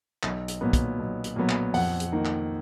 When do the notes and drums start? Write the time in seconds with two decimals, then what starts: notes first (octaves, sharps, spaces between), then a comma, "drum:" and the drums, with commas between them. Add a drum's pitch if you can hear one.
0.23 B1, drum: clap
0.48 drum: hi-hat
0.61 A#2 F#3 B3
0.73 drum: kick, hi-hat
0.99 B1
1.24 drum: hi-hat
1.36 A#2 F#3 B3
1.49 drum: clap
1.74 F2 F#5, drum: open hi-hat
2.00 drum: hi-hat
2.12 D#3 A#3
2.25 drum: clap